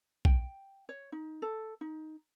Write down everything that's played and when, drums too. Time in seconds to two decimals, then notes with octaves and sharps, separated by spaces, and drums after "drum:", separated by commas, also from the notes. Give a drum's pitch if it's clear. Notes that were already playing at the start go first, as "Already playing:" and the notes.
0.25 G5, drum: kick
0.89 C#5
1.12 D#4
1.42 A4
1.81 D#4